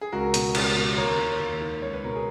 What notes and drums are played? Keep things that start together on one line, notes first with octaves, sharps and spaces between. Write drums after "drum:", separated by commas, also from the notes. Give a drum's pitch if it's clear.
G#4
C#2 F#4 A#4
B2, drum: hi-hat
C#2, drum: cymbal
B2
D#2 A#4 C#5
D#3
D#2
D#3
C#2 C#5
B4
B2 A#4
G#4